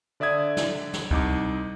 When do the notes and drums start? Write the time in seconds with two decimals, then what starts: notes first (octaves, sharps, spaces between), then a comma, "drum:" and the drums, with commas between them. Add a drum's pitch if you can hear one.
0.20 D3 D5 E5 D#6 G#6
0.57 drum: snare
0.93 drum: snare
1.11 C2 D#4 D6, drum: kick C#2